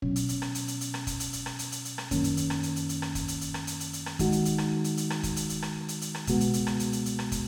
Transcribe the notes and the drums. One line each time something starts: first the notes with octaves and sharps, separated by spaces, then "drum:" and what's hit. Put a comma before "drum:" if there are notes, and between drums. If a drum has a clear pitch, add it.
B2 F#3 C#4, drum: kick
drum: hi-hat
drum: hi-hat
drum: rim click
drum: hi-hat
drum: hi-hat
drum: hi-hat
drum: rim click
drum: kick, hi-hat
drum: hi-hat
drum: hi-hat
drum: rim click
drum: hi-hat
drum: hi-hat
drum: hi-hat
drum: rim click
F#2 D#3 A#3 C#4, drum: kick, hi-hat
drum: hi-hat
drum: hi-hat
drum: rim click
drum: hi-hat
drum: hi-hat
drum: hi-hat
drum: rim click
drum: kick, hi-hat
drum: hi-hat
drum: hi-hat
drum: rim click
drum: hi-hat
drum: hi-hat
drum: hi-hat
drum: rim click
D#3 G#3 D#4 F#4, drum: kick, hi-hat
drum: hi-hat
drum: hi-hat
drum: rim click
drum: hi-hat
drum: hi-hat
drum: rim click
drum: kick, hi-hat
drum: hi-hat
drum: hi-hat
drum: rim click
drum: hi-hat
drum: hi-hat
drum: rim click
C#2 B2 G#3 B3 F#4, drum: kick, hi-hat
drum: hi-hat
drum: hi-hat
drum: rim click
drum: hi-hat
drum: hi-hat
drum: hi-hat
drum: rim click
drum: kick, hi-hat